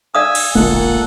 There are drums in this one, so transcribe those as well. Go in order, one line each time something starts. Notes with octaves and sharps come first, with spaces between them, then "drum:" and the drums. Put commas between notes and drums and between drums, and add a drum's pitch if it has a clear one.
D5 F5 G#5 D#6 E6
drum: cymbal
D1 A1 A#2 D3 A4 F#5 F#6, drum: tom G#3